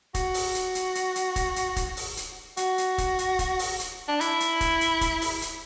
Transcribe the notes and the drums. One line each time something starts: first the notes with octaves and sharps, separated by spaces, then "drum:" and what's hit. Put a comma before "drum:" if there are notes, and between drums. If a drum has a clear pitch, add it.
F#4, drum: kick, hi-hat
drum: open hi-hat
drum: hi-hat
drum: hi-hat
drum: hi-hat
drum: hi-hat
drum: kick, hi-hat
drum: hi-hat
drum: kick, hi-hat
drum: open hi-hat
drum: hi-hat
F#4, drum: hi-hat
drum: hi-hat
drum: kick, hi-hat
drum: hi-hat
drum: kick, hi-hat
drum: open hi-hat
drum: hi-hat
D4
E4, drum: hi-hat
drum: hi-hat
drum: kick, hi-hat
drum: hi-hat
drum: kick, hi-hat
drum: open hi-hat
drum: hi-hat